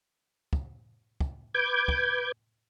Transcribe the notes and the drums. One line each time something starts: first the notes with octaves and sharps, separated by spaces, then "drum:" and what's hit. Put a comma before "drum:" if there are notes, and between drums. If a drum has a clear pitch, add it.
drum: kick
drum: kick
B4 D6 G6 G#6
drum: kick